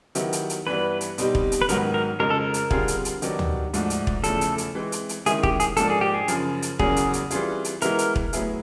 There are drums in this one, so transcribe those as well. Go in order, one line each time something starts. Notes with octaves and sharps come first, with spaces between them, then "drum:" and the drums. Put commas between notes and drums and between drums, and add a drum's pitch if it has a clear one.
D#3 F#3 B3 E4 G4, drum: hi-hat
drum: hi-hat
drum: hi-hat
G2 E3 G3 B3 B4
drum: hi-hat
B2 G3 C4 D#4 G4, drum: hi-hat
drum: kick
drum: hi-hat
B4
G#2 D#3 F#3 B3 A#4, drum: hi-hat
A#4
F2 C#3 F3 G#3 A#4
A4
A#4
drum: hi-hat
D3 G3 C4 F4 G#4, drum: kick
drum: hi-hat
drum: hi-hat
D#3 F#3 B3 D4 G4, drum: hi-hat
drum: tom
G#2 F3 A3 D4 F#4, drum: hi-hat
drum: hi-hat
drum: kick
E2 C#3 F3 A3 A4, drum: hi-hat
drum: hi-hat
drum: hi-hat
E3 G#3 C4
drum: hi-hat
drum: hi-hat
D#3 G#3 C#4 E4 G#4, drum: hi-hat
G4, drum: kick
G#4, drum: hi-hat
G#2 F3 A#3 D4 A4, drum: hi-hat
G#4
G4
G#4
F#2 C#3 F3, drum: hi-hat
drum: hi-hat
E2 C#3 F#3 A#3 C#4 G#4, drum: kick
drum: hi-hat
drum: hi-hat
E3 G3 C4 F4 G#4, drum: hi-hat
drum: hi-hat
E3 G#3 B3 E4 A#4, drum: hi-hat
drum: hi-hat
drum: kick
A2 F#3 B3 E4 G#4, drum: hi-hat